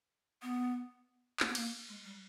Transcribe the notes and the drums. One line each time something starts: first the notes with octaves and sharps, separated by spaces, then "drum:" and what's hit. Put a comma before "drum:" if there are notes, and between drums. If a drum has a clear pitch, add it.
B3
A#3, drum: clap
B3
A#3, drum: cymbal
G#3
G3